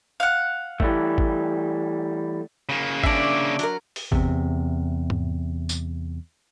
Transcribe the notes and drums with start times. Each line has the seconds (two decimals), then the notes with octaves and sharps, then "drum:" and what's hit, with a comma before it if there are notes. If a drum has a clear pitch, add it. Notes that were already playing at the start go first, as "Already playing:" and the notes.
0.20 F5 F#5
0.80 E3 G3 A3, drum: kick
1.18 drum: kick
2.69 C#3 A#3
3.04 C#4 D4 D5 E5, drum: kick
3.59 F#3 A#4, drum: hi-hat
3.96 drum: open hi-hat
4.12 E2 C3, drum: kick
5.10 drum: tom G#2
5.69 drum: tambourine